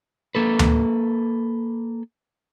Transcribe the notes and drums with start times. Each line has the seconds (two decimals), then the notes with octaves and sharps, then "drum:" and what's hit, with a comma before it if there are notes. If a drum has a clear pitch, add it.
0.35 A#3 A4 B4
0.59 drum: tom D2